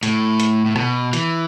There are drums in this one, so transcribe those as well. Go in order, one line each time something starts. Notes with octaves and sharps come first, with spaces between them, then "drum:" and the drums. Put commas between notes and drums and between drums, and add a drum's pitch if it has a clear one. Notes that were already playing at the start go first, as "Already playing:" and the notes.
A2, drum: hi-hat
drum: hi-hat
A2
B2, drum: rim click
E3, drum: hi-hat